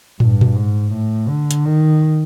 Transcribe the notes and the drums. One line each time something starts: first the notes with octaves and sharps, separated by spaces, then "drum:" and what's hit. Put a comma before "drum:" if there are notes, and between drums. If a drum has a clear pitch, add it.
G2, drum: tom
drum: tom A#2
G#2
A2
D3
drum: hi-hat
D#3